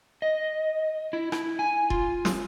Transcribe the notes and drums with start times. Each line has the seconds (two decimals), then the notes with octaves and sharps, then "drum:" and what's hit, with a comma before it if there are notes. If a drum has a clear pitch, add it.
0.22 D#5
1.13 E4
1.32 E4, drum: rim click
1.59 G#5
1.90 F4, drum: kick E1
2.25 drum: snare